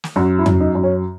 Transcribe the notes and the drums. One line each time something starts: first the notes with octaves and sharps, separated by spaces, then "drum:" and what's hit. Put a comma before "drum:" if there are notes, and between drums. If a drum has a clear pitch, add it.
drum: snare
F#2 F#4
E4
F#2, drum: tom
D#4
F#2
C#4